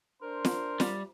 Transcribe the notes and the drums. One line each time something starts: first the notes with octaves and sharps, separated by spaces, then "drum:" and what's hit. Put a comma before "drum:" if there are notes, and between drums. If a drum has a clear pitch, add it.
D4 A#4 C5
drum: snare
G3, drum: snare